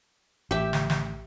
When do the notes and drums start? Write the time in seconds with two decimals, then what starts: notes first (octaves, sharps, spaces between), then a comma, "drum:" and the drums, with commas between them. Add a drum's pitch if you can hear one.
0.51 A1 G4 E5
0.73 drum: snare
0.90 drum: snare